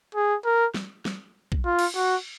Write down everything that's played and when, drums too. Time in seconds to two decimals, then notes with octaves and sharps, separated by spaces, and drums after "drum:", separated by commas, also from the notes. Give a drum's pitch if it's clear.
0.15 G#4
0.45 A#4
0.74 drum: snare
1.05 drum: snare
1.52 drum: kick
1.65 F4
1.79 drum: cymbal
1.95 F#4